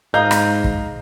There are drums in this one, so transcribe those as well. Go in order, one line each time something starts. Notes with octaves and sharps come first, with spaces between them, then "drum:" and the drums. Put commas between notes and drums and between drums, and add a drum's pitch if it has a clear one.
G#2 D#5 F5 A#5 G6
drum: rim click
drum: kick